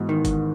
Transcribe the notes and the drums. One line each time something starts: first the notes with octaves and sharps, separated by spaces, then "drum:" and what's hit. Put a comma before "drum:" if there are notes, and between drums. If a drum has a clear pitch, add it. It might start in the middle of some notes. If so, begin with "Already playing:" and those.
Already playing: G#2 E3 B3 D#4 F#4
D#3
drum: kick, hi-hat